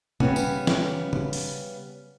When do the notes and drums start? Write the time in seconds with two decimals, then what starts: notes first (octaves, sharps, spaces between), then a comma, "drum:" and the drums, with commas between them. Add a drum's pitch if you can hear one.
0.20 C#3 G3 B3 C#4, drum: tom C3
0.36 drum: tambourine
0.67 drum: snare
1.13 drum: tom C#3
1.33 drum: open hi-hat